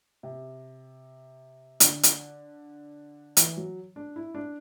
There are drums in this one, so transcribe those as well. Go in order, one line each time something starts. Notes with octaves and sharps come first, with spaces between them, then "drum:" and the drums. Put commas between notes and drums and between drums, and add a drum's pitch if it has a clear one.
C3
D3, drum: hi-hat
drum: hi-hat
E3, drum: hi-hat
F#3
D4
E4
D4